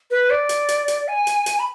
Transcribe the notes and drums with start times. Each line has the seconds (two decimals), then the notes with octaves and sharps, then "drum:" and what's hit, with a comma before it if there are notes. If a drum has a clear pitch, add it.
0.11 B4
0.30 D5
0.49 drum: hi-hat
0.69 drum: hi-hat
0.88 drum: hi-hat
1.08 G#5
1.27 drum: hi-hat
1.46 drum: hi-hat
1.59 B5